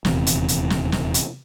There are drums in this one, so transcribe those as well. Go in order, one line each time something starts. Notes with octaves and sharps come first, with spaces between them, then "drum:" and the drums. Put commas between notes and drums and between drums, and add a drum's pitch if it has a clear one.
D#1 E2 C3, drum: snare
drum: hi-hat
drum: hi-hat
drum: snare
drum: snare
drum: hi-hat